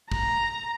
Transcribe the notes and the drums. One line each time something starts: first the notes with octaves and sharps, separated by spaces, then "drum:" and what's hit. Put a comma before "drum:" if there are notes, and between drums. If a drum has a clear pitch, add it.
A#5, drum: kick